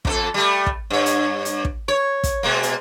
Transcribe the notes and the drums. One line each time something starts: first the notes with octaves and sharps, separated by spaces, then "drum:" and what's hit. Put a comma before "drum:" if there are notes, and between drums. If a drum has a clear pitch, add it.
F2 D4 A4, drum: kick
G3 A3
drum: kick
G2 C#5
drum: hi-hat
drum: hi-hat
drum: kick
C#5
drum: kick, hi-hat
B2 G#3 A#3
drum: hi-hat